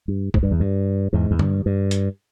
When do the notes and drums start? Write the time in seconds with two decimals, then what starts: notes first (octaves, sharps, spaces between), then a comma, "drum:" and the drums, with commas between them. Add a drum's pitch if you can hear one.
0.08 G2
0.34 G#2, drum: kick
0.43 G2
0.51 E2
0.60 G2
1.13 E2 G#2
1.31 E2
1.39 G2, drum: tom D3
1.66 G2
1.91 drum: hi-hat